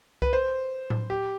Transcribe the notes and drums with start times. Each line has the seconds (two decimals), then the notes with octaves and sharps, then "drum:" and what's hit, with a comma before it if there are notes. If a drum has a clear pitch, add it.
0.22 B4, drum: kick C2
0.33 C5
0.90 drum: tom A2
1.10 G4